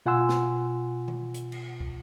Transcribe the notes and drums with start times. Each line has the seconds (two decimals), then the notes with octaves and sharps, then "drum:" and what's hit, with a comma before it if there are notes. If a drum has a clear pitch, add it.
0.06 B2 F4 F#5 G#5 C6 E6
0.29 drum: snare
1.08 drum: tom D#3
1.34 drum: hi-hat
1.52 drum: cymbal
1.80 drum: kick